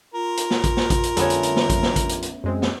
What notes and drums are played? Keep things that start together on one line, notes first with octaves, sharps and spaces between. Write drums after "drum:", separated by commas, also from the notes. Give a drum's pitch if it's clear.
F4 A#4
drum: hi-hat
drum: snare
drum: kick A1, hi-hat
drum: snare
drum: kick A1, hi-hat
drum: hi-hat
F2 D3 G3 A3 B3 C#4, drum: hi-hat
drum: hi-hat
drum: hi-hat
drum: snare
drum: kick A1, hi-hat
drum: snare
drum: kick A1, hi-hat
drum: hi-hat
drum: hi-hat
F#2 G#3 C4
drum: snare